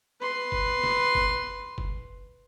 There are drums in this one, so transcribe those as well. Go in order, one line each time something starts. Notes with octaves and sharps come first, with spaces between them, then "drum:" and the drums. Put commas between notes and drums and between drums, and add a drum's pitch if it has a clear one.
B4 C6
drum: kick F#1
drum: snare
drum: kick F#1
drum: kick F#1